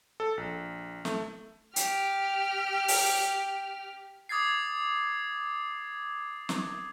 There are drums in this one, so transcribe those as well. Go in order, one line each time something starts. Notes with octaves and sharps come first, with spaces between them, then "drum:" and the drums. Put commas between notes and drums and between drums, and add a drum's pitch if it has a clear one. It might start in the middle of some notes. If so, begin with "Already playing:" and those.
A4
A#1
A3, drum: snare
G4 F6, drum: hi-hat
drum: open hi-hat
D6 D#6 G#6 A6 C7
drum: snare